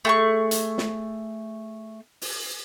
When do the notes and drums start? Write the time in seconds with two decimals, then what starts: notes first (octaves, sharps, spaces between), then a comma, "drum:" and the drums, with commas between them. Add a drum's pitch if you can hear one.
0.05 A3 G#4 C#6
0.51 drum: hi-hat
0.78 drum: snare
2.22 drum: open hi-hat